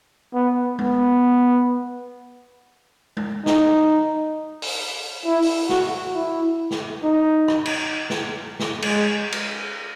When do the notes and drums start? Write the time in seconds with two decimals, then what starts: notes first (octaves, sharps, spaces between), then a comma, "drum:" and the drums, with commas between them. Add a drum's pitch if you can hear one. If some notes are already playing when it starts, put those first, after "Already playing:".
0.34 B3
0.79 B3, drum: tom G#3
3.17 drum: tom G#3
3.46 D#4, drum: snare
4.62 drum: open hi-hat
5.25 E4
5.42 drum: open hi-hat
5.69 F#4, drum: snare
6.15 E4
6.70 drum: snare
7.04 D#4
7.48 drum: rim click
7.66 drum: cymbal
8.10 drum: snare
8.59 drum: snare
8.82 G#3, drum: cymbal
9.32 drum: cymbal